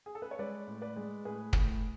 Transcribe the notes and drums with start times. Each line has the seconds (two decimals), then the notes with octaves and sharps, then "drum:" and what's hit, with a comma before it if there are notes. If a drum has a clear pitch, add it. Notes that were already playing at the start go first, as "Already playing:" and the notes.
0.06 G#4
0.15 A4
0.22 B4
0.31 C#5
0.39 G#3 B4 D5
0.67 A2
0.82 B4 D5
0.96 G#3
1.25 A2 G#4 B4
1.53 A2, drum: kick